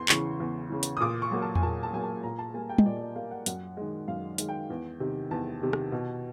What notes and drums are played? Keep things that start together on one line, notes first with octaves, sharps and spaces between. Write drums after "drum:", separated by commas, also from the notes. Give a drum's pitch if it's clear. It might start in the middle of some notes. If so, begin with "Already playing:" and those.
Already playing: E2 C6
C#3 E3 C#6, drum: clap
E2
C#3 E3
drum: hi-hat
D#6
A#2 D6
C#6
F#3 A#3
A5
G#5, drum: tom E2
A#2 A5
A5
F#3 A#3 G#5
A5
A#2 A#5
A5
G3 A#3 G#5
G5
D#5, drum: tom
A#2 D5
D5
D#5
G3 A#3 F5
F#5
F#2 F#5, drum: hi-hat
D#3 G#3
F#2 F5
D#3 G#3, drum: hi-hat
G5
E2
C3 D#3
E2 A5
C3 D#3
drum: rim click
B2